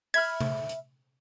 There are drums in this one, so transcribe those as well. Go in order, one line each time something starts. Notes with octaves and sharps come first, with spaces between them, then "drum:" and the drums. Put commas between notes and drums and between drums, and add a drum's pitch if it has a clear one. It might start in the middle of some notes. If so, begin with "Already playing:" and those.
E5 B5 F6 G#6, drum: open hi-hat
drum: tom C3
drum: hi-hat